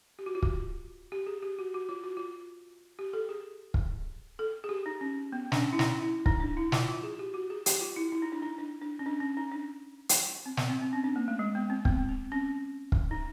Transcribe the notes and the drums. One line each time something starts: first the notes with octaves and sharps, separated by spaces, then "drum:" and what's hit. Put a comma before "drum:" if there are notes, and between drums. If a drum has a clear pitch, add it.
G4
F#4
F4
F#4, drum: kick
G4
G#4
G4
F#4
F#4
F4
F#4
F4
G4
A4
G#4
drum: kick
A4
G#4
G4
D#4
C#4
B3
D4, drum: snare
C#4
E4
D#4, drum: snare
E4
D#4, drum: kick
D4
E4
F4, drum: snare
F4
G#4
G4
F#4
G#4
G4, drum: hi-hat
F4
E4
E4
D#4
D4
D#4
D4
D4
C#4
D4
C#4
D#4
D4
drum: hi-hat
C4
B3, drum: snare
C4
C4
C#4
D4
A#3
A3
G#3
B3
C4
B3, drum: kick
C4
C#4
drum: kick
D#4